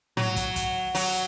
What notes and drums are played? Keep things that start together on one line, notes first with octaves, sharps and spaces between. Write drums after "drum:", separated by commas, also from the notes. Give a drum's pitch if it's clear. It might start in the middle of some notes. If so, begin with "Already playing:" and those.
F#3, drum: tom
drum: kick, hi-hat
drum: kick, hi-hat
F#3, drum: open hi-hat